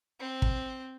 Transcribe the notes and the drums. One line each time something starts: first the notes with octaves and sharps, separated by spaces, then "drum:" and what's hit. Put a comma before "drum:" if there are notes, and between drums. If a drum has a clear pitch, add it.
C4
drum: kick